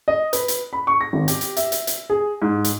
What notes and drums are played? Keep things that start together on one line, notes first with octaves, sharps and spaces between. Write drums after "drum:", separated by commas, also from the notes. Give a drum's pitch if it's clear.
D#5
B4, drum: hi-hat
drum: hi-hat
B5
C#6
A#6
G#1
G4, drum: hi-hat
drum: hi-hat
E5, drum: hi-hat
drum: hi-hat
drum: hi-hat
G#4
G#2
drum: hi-hat